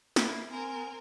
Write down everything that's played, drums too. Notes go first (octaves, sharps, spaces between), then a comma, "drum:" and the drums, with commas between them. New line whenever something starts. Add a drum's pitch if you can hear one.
A#3 E4, drum: snare
C4 A#4 G#5